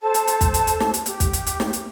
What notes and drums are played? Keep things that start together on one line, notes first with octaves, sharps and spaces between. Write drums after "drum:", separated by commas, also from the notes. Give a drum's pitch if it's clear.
A4 C5 A5
drum: hi-hat
drum: hi-hat
drum: kick, hi-hat
drum: hi-hat
drum: hi-hat
drum: snare
drum: hi-hat
G4, drum: hi-hat
drum: kick, hi-hat
drum: hi-hat
drum: hi-hat
drum: snare
drum: hi-hat